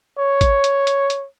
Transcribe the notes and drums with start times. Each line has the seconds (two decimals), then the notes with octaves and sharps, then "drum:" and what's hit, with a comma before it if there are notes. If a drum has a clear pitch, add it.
0.18 C#5
0.41 drum: kick G#1, hi-hat
0.64 drum: hi-hat
0.87 drum: hi-hat
1.10 drum: hi-hat